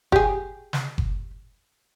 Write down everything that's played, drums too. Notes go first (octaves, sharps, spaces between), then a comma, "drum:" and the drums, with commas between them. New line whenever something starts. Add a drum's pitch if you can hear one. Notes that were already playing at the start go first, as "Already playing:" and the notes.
G4 G#4, drum: kick F#1
drum: snare
drum: kick F#1